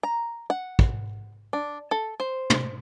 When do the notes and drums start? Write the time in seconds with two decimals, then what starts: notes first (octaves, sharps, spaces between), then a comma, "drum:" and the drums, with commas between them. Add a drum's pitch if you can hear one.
0.03 A#5
0.50 F#5
0.79 drum: kick
1.53 D4
1.91 A4
2.20 C5
2.50 drum: tom